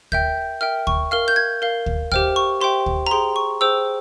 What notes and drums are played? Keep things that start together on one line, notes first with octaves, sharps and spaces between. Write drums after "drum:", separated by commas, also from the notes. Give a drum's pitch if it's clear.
A#4 E5 G5 G6, drum: kick
A#4 E5 G5 F6
C#6, drum: kick
A#4 F5 F6
G6
G#6
A#4 F5
drum: kick
G4 C5 E5 G5 F6, drum: kick
C#6
G4 C5 E5 G5 C6
drum: kick
A#5
G#4 C5 G5 C6
C#6
G#4 C5 G5 E6